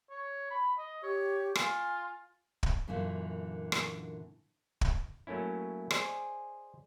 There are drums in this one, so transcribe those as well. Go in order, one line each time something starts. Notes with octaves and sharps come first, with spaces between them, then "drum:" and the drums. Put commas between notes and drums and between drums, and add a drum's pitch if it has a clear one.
C#5
B5
D#5
G4 C#5
F4 G#5, drum: rim click
drum: kick
F#2 A#2 D3 E3 A#3
drum: rim click
drum: kick
F#3 A3 A#3 C#4 E4
G#4 C5 D5 D#5 G#5, drum: rim click